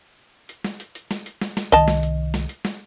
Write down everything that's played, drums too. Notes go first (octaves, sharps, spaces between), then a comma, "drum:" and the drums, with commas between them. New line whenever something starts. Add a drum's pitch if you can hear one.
drum: hi-hat
drum: snare
drum: hi-hat
drum: hi-hat
drum: snare
drum: hi-hat
drum: snare
drum: snare
C2 D#3 D#5 A5, drum: hi-hat
drum: snare
drum: hi-hat
drum: snare
drum: hi-hat
drum: snare